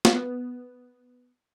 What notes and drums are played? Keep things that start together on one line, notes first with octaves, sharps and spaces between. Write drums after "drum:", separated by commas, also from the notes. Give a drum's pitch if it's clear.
B3, drum: snare